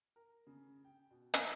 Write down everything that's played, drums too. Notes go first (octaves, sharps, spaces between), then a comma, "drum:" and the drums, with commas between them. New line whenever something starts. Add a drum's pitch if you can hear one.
A#4
C#3
G5
B2
B5, drum: hi-hat